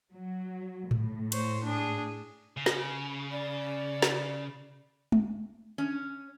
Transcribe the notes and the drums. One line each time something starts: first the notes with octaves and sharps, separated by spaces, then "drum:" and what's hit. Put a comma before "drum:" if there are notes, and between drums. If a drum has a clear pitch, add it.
F#3
A2, drum: tom A2
C5 C#5, drum: cymbal
D4 G#4
C#3
drum: snare
D5
drum: snare
drum: tom G#3
C#4